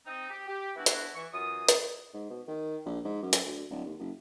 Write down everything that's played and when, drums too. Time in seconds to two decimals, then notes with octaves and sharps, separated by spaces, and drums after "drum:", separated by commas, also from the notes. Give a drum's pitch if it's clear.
0.06 C4 D#4
0.30 G4
0.48 G4
0.76 E3 B3 D4 E4 F#4
0.86 drum: hi-hat
1.15 E3 C#6
1.33 F#2 E3 F4 D#6
1.69 drum: hi-hat
2.14 G#2
2.30 B2
2.47 D#3
2.86 A#1
3.05 G#2
3.22 F#2
3.33 drum: hi-hat
3.46 D2
3.71 D1
3.86 D#2
3.99 F#1